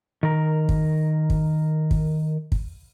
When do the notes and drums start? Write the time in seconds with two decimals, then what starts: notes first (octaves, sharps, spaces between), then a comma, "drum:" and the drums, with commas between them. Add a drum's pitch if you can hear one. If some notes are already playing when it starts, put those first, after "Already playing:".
0.23 D#3 A#4
0.69 drum: kick
1.30 drum: kick
1.91 drum: kick
2.52 drum: kick